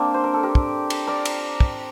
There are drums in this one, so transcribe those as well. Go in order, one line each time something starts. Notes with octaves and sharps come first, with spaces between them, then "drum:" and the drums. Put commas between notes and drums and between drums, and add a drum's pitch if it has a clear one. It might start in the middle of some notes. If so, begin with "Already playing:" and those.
Already playing: A#3 C4 D4
C5
A#4
A4
G4 A#4
drum: kick
drum: cymbal
A#4 D5
drum: cymbal
drum: kick